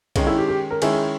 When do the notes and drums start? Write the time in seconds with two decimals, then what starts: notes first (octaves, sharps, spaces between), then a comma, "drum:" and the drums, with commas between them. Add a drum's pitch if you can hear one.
0.16 D#3 G#3 C#4 D#5, drum: kick, cymbal
0.27 E4
0.38 G4
0.48 G4
0.71 A#4
0.82 D#3 G#3 C#4 E4 G#4, drum: cymbal
0.93 G#4